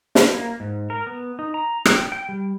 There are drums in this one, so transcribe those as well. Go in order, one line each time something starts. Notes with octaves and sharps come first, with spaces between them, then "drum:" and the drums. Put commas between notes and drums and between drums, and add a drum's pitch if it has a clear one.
drum: snare
A#3
G#2
A#4
B3
D#4
A#5
G5, drum: rim click
G5
G3